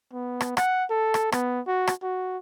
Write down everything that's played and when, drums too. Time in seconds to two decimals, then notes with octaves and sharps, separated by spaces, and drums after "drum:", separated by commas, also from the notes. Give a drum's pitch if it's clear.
0.13 B3
0.41 drum: rim click
0.57 F#5, drum: rim click
0.90 A4
1.14 drum: rim click
1.32 B3, drum: rim click
1.67 F#4
1.87 drum: rim click
2.03 F#4